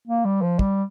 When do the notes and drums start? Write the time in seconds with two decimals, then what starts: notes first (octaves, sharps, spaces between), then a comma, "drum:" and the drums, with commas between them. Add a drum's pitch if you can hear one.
0.08 A#3
0.25 G3
0.42 F3
0.59 G3, drum: kick